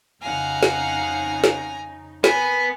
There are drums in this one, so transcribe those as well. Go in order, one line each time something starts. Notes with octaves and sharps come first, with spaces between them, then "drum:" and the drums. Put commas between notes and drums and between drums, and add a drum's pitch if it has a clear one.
F2 C#3 D#4 F5 F#5 G#5 A#5
drum: snare
drum: snare
B3 A#4 G#5, drum: snare